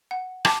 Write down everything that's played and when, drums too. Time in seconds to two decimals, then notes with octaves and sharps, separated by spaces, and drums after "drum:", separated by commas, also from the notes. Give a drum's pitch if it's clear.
0.11 F#5
0.45 A5 D6, drum: rim click